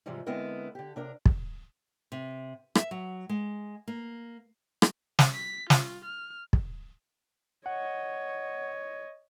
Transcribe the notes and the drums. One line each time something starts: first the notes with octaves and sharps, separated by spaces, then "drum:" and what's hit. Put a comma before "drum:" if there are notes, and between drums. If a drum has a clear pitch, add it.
G#2 C3 E3 F3 G3 G#3
D3 G#3 B3 C4 E4 A#4
D3 G4
C3 D4 A#4
drum: kick
C3
E5, drum: rim click
F#3
G#3
A#3
drum: rim click
drum: snare
B6
F4, drum: snare
F6
drum: kick
C#5 D#5 F#5